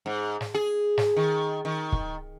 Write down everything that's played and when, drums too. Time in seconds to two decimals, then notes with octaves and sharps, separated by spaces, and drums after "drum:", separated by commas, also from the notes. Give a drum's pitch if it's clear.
0.06 G#2
0.41 drum: snare
0.55 G#4
0.98 drum: snare
1.16 D#3
1.65 D#3
1.92 drum: kick